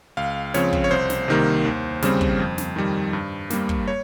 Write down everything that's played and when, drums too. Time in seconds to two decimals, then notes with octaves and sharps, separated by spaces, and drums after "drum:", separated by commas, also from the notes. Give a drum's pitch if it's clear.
0.17 C#2 F5
0.54 C#3 F3 C4 C#5, drum: snare
0.73 drum: kick
0.84 C#5
0.91 C2 C5
1.10 drum: snare
1.28 C3 D#3 G3 A#3
1.65 D#2
2.02 C#3 G3 C4, drum: snare
2.21 drum: kick
2.39 F2
2.58 drum: snare
2.76 D#3 G3
3.13 G2
3.50 G3 A#3, drum: snare
3.69 drum: kick
3.88 C#5